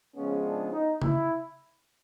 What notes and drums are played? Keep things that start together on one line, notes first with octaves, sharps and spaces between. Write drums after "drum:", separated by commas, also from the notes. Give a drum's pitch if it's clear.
C#3 F3 G#3 B3 C#4
D4
D#4
E4, drum: tom C#3